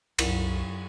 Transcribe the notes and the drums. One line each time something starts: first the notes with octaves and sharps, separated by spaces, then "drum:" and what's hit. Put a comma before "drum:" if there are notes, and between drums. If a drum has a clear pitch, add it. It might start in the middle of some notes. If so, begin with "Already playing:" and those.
C2 F#2, drum: cymbal